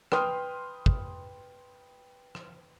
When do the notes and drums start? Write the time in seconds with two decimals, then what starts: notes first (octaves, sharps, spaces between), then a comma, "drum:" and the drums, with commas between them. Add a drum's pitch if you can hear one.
0.12 B4 G5 C6 D#6 F6, drum: rim click
0.86 drum: kick
2.35 drum: rim click